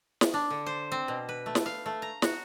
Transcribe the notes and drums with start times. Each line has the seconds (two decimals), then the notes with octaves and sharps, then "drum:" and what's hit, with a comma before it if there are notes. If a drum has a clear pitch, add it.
0.21 drum: snare
0.34 D4
0.50 D3
0.66 C5
0.92 C4
1.08 B2
1.29 B4
1.46 A3
1.55 drum: snare
1.66 F5
1.86 A3
2.02 A#5
2.22 F#4, drum: snare